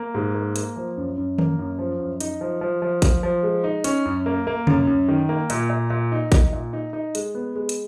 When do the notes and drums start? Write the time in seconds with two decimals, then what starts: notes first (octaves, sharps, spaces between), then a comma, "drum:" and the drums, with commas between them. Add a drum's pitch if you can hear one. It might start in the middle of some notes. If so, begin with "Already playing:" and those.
Already playing: A#3
0.14 G#2
0.35 A#3
0.56 A#3, drum: hi-hat
0.76 F3
0.97 F#2
1.18 F#2
1.38 A#3, drum: tom D#3
1.59 F#2
1.79 F3
2.00 F#2
2.20 D#4, drum: hi-hat
2.41 F3
2.61 F3
2.82 F3
3.02 F3, drum: kick A1, hi-hat
3.23 F3
3.43 G#3
3.64 D#4
3.84 C#4, drum: hi-hat
4.05 F#2
4.26 A#3
4.47 A#3
4.67 F#2, drum: tom C3
4.87 F#2
5.08 D#3
5.29 A#3
5.50 A#2, drum: hi-hat
5.70 A#2
5.90 A#2
6.12 D#4
6.32 D#4, drum: kick A1, hi-hat
6.53 A#2
6.73 D#4
6.93 D#4
7.15 G#3, drum: hi-hat
7.35 B3
7.56 G#3
7.69 drum: hi-hat